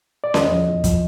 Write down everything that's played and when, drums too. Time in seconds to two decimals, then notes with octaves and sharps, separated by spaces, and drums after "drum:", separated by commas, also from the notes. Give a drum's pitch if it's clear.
0.24 D5
0.34 E2 D#5, drum: snare C#4
0.51 F3
0.67 E2
0.84 F3, drum: kick, hi-hat